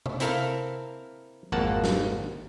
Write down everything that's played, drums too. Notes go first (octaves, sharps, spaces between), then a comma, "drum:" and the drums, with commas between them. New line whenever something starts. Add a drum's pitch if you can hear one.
drum: tom C3
C4 E4 A4 A#4 F5, drum: hi-hat
G#1 F2 A#3 F#5 A5
drum: snare